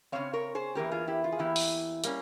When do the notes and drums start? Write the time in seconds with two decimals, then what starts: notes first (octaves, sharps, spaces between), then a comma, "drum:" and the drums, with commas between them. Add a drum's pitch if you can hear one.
0.12 C#3 G3 C4 C#5 F5
0.33 A#4 C#5
0.55 G#4 C5
0.75 E2 E3 A#3 C#4 G4 A#4
0.91 F4 G#4
1.08 E4 G4
1.24 F4
1.32 G#4
1.39 E2 E3 A#3 E4 G4
1.56 drum: open hi-hat
2.04 G3 A#3 C#4, drum: hi-hat